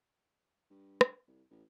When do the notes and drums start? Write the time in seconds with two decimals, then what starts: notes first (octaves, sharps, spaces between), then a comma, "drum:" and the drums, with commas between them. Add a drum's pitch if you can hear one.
0.71 G2
1.01 drum: rim click
1.28 C2
1.51 A1